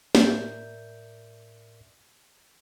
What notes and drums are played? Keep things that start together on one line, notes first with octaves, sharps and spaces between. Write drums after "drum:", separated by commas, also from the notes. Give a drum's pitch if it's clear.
A2 A#4 D5 E5 G6, drum: snare